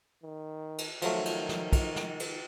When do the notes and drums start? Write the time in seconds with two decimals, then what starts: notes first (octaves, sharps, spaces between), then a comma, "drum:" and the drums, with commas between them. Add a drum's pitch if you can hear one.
0.23 D#3
0.78 drum: cymbal
1.02 D#3 F3 F#3 A3, drum: cymbal
1.25 drum: cymbal
1.49 drum: snare
1.73 drum: kick, cymbal
1.96 drum: snare
2.20 drum: cymbal